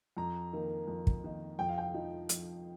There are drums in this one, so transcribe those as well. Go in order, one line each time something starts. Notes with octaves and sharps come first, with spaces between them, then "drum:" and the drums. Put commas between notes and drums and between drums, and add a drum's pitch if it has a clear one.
F2 A#5
D#3 A#3 D#4
F2
drum: kick
D#3 A#3 D#4
F2 G5
F5
G5
F3 D#4
F2, drum: hi-hat